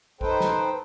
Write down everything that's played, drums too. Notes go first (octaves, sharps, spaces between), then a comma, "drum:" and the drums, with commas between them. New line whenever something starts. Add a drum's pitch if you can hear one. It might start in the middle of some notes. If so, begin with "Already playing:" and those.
D#4 A4 B4 C5 G5, drum: kick A#1
drum: snare